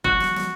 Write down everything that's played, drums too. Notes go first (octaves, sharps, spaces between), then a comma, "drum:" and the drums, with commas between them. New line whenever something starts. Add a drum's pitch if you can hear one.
F#4, drum: kick E1
drum: snare
drum: snare